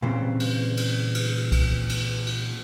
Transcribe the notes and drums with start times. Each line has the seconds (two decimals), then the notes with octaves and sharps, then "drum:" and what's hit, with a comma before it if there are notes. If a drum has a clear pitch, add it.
0.02 A#2 C#3 E3 G3 C4
0.40 drum: cymbal
0.77 drum: cymbal
1.15 drum: cymbal
1.52 drum: kick, cymbal
1.89 drum: cymbal
2.27 drum: cymbal